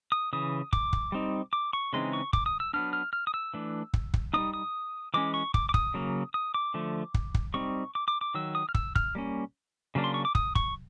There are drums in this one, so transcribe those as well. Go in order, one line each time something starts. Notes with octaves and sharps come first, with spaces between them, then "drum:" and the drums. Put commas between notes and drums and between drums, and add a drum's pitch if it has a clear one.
D#6
C#3 E3 D#6
D6, drum: kick
drum: kick
G3 C4 D#4
D6
C#6
C#3 E3 G#3 C4 D#4 C6
C#6
D6, drum: kick
D#6
E6
F#3 B3 D4 F6
F6
F6
D#6
E6
E3 A3 D4
drum: kick
drum: kick
G3 C4 D#4 D#6
D#6
E3 G#3 C#4 D6
C#6
D6, drum: kick
D6
D#6, drum: kick
C#3 F#3 A#3
D#6
D6
D3 F3 A3
drum: kick
drum: kick
G3 C4 D#4 C#6
D6
D6
D6
D#3 F#3 E6
D#6
F6
E6, drum: kick
F6, drum: kick
G3 A#3 C#4
C#3 F#3 A#3 D4
C6
C#6
D6
D#6, drum: kick
C#6, drum: kick